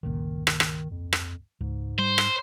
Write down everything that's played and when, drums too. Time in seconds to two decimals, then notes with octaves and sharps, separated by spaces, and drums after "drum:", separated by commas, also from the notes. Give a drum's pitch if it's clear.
0.03 G1 C#2 A#2 D#3
0.47 D#3, drum: rim click
0.60 drum: rim click
0.91 F2
1.13 drum: rim click
1.61 C#2 G#2
1.99 G3 C5
2.18 drum: rim click